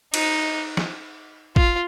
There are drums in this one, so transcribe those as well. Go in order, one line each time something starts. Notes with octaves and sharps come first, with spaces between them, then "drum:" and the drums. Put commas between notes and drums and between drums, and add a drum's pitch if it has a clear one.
D#4, drum: cymbal
drum: snare
F4, drum: kick